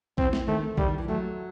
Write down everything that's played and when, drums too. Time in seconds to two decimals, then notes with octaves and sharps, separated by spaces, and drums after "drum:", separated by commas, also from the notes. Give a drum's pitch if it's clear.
0.18 E3 C4, drum: kick
0.33 drum: snare
0.48 D#3 A3
0.78 D#3 G3, drum: kick
0.88 D#3
0.98 E3
1.08 F#3 A3